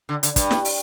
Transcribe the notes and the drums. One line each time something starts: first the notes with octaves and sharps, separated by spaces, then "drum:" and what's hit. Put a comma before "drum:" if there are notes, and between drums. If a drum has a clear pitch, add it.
D3
D3, drum: hi-hat
G2, drum: kick, hi-hat
drum: snare
drum: open hi-hat